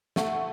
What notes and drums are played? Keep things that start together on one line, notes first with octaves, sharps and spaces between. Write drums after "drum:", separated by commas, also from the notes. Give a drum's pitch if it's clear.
A3 F#5, drum: snare